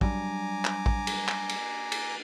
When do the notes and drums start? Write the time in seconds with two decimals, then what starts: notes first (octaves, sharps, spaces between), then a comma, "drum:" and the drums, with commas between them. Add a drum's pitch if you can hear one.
0.01 F#3 G3 D4 G#5 A#5 D6, drum: kick A1
0.65 drum: clap
0.86 drum: kick A1
1.07 drum: cymbal
1.28 drum: clap
1.49 drum: cymbal
1.92 drum: cymbal